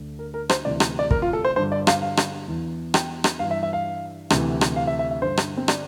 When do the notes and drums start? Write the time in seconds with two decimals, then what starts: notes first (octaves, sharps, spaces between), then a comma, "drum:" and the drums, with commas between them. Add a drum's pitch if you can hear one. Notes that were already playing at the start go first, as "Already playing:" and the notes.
Already playing: D2 D3
0.19 A#4
0.34 A#4
0.49 C5, drum: rim click
0.65 D2 C3 E3 D5
0.80 drum: rim click
0.99 D5
1.11 A#4, drum: kick
1.22 F4
1.33 A4
1.45 C5
1.56 G2 D3 C5
1.72 D5
1.87 F5, drum: rim click
2.02 F5
2.17 drum: rim click
2.48 E2 E3
2.94 G5, drum: rim click
3.24 drum: rim click
3.39 G2 E3 F5
3.51 E5
3.63 E5
3.73 F5
4.30 D2 C3 E3, drum: rim click
4.61 drum: rim click
4.76 F5
4.87 E5
4.99 E5
5.11 E5
5.22 G2 D3 C5
5.37 drum: rim click
5.57 C4
5.68 D4, drum: rim click